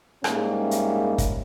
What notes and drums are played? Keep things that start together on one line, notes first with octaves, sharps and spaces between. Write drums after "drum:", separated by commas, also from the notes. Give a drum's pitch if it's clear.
G#2 G3 G#3 A#3 C#4 E4, drum: rim click
drum: hi-hat
drum: kick, hi-hat